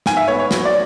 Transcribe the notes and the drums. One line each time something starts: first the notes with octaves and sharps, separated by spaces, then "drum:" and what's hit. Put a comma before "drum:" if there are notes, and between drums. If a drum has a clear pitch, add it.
G#2 G#5, drum: snare
E5
B3 C#5
C#5
F#3, drum: snare
D5